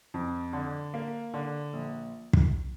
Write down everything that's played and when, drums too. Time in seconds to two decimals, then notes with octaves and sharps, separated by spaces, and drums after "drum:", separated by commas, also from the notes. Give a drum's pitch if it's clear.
0.14 F2
0.53 D3
0.94 A#3
1.34 D3
1.73 A#1
2.33 drum: kick